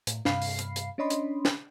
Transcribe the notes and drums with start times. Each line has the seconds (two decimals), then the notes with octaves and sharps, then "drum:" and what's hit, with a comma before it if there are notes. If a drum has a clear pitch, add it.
0.07 A2, drum: hi-hat
0.25 G2 C3 F5 B5 C7, drum: snare
0.42 drum: open hi-hat
0.59 drum: hi-hat
0.76 drum: hi-hat
0.98 C#4 D4 C#5 D#5 B5 C6
1.10 drum: hi-hat
1.45 drum: snare